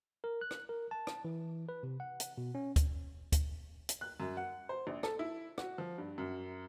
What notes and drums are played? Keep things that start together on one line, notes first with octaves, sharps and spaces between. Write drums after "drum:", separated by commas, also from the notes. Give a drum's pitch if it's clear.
A#4
F#6
drum: rim click
A#4
A5
drum: rim click
E3
B4
C3
F#5
drum: hi-hat
B2
C#4
drum: kick, hi-hat
drum: kick, hi-hat
drum: hi-hat
F#6
F#2
F#5
C5
A#1
A4, drum: rim click
E4
F#4, drum: rim click
F3
G2
F#2